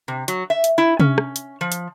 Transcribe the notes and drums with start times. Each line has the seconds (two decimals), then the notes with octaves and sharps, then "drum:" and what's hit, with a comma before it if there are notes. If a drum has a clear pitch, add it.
0.08 C3
0.28 F#3, drum: hi-hat
0.50 E5
0.64 drum: hi-hat
0.78 E4
1.00 C#4, drum: tom C3
1.18 drum: rim click
1.36 drum: hi-hat
1.61 F3
1.72 drum: hi-hat